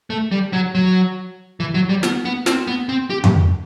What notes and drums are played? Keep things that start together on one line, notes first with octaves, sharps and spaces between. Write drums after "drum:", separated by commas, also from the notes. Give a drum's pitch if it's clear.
A3
G3
F#3
F#3
E3
F#3
G3
B3, drum: snare
B3
C4, drum: snare
B3
C4
G4
drum: tom F2